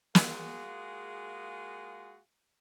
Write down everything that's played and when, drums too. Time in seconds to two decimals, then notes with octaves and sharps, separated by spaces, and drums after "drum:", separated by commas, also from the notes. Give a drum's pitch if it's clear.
0.15 G#3 A#3 F4 F#4 G#4, drum: snare